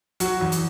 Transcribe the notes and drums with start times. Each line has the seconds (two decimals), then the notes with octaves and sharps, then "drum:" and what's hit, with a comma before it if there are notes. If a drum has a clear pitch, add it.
0.20 F#3 F#4, drum: hi-hat
0.41 E2
0.52 drum: hi-hat